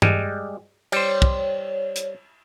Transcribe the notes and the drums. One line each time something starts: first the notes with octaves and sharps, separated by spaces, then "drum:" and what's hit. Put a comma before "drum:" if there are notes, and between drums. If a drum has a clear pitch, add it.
G3 G#3, drum: tom G2
G3 C5 C#5, drum: cymbal
drum: kick
drum: hi-hat